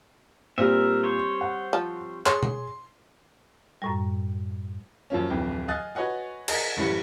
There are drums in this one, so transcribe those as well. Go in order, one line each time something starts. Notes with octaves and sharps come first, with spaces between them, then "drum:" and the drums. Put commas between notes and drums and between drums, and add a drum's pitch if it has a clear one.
A#2 G3 C4 A#4 E5
C5 C#5
F#5
F3
G#4 C#5 C6, drum: clap
drum: tom B2
F#2 A2 G3
F#2 F3 A#3 C#4
D1 F2 E3 G5
D#5 F5 G#5 D#6 F#6 A6
F#4 B4 C#5 D#5 F#5 G#5
G#4 A#4 D#5, drum: cymbal
F#1 A2 E3 G3 C#7